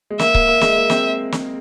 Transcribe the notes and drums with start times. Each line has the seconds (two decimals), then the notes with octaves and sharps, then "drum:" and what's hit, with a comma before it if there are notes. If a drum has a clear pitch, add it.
0.10 G#3
0.19 A#3 E5, drum: snare
0.34 A#3, drum: kick C#1
0.47 A#3
0.61 G#3, drum: snare
0.76 A#3
0.90 C4, drum: snare
1.32 drum: snare